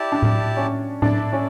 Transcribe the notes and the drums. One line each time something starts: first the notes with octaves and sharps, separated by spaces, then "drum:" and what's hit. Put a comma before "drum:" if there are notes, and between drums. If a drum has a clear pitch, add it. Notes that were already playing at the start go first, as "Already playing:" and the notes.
Already playing: E4 G4 D5 A5
D4
drum: tom A2
C#4
D4 E4 A4 D5, drum: tom A2
C#4